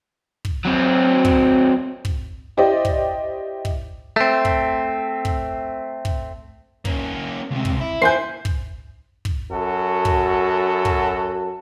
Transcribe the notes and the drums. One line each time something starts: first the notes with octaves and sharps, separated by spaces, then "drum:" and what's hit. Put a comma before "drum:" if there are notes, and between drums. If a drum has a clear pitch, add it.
drum: kick
F#3 C4
drum: kick
drum: kick
E4 G4 C5 D5 D#5
drum: kick
drum: kick
A3 C4
drum: kick
drum: kick
drum: kick
A#3 C#4, drum: kick
C#2 C3
drum: kick
E4
C5 G#5 G6 C7
drum: kick
drum: kick
F#2 F#4 A4
drum: kick
drum: kick